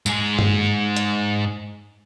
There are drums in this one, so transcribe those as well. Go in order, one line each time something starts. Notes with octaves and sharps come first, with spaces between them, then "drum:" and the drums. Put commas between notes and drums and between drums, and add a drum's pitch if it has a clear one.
G#2 G#4, drum: tambourine
drum: tom G2
drum: hi-hat